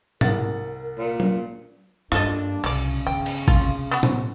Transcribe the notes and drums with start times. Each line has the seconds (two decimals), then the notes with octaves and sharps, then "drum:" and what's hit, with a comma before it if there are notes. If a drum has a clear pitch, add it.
0.21 C2 A#4 F#5 A6, drum: tom G#2
0.98 A#2
1.20 drum: tom F#3
2.12 G2 G3 A#3 D4 F4 A4 D#5, drum: rim click
2.64 C2 C#3 F#3 D5, drum: cymbal
3.07 G1 D#3 G5
3.26 drum: cymbal
3.48 C3 F4, drum: kick
3.91 B3 F#4
4.03 drum: tom A2